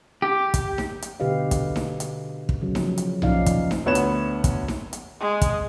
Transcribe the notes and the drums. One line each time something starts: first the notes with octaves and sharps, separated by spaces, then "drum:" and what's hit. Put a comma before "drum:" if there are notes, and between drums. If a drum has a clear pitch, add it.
G4
drum: kick, hi-hat
drum: snare D#4
drum: hi-hat
B2 D3 G4 B4 D#5 F5
drum: kick, hi-hat
drum: snare D#4
drum: hi-hat
drum: kick
C#3 F#3
F3, drum: snare D#4
drum: hi-hat
A#2 F3 C#4 D#4 D5 F5, drum: tom B1
drum: kick, hi-hat
drum: snare D#4
D2 B3 C#5 E7
drum: hi-hat
drum: kick, hi-hat
drum: snare D#4
drum: hi-hat
G#3
drum: kick, hi-hat